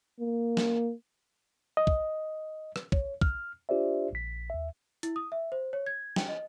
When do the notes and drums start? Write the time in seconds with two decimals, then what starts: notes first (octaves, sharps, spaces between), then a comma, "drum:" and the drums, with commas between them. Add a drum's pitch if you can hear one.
0.21 A#3
0.57 drum: snare
1.77 D#5
1.87 drum: kick
2.76 drum: rim click
2.92 C#5, drum: kick
3.21 F6, drum: kick
3.69 D4 F4 G4 C5 D5 E5
4.13 A#1 B6
4.50 D#2 E5
5.03 E4, drum: hi-hat
5.16 D#6
5.32 E5
5.52 C5
5.73 C#5
5.86 G#6
6.16 G5, drum: snare
6.29 D#5